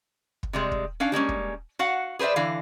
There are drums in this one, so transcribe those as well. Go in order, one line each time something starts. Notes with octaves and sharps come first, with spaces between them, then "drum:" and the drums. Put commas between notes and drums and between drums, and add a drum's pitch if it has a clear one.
drum: kick
C3 G3 G#3
drum: kick
C#4 D4 F5 G5
G3 G#3 A#3 C#4
drum: kick
F#4 F5 F#5
G#4 B4 C5 D5 E5
D3 E3 F5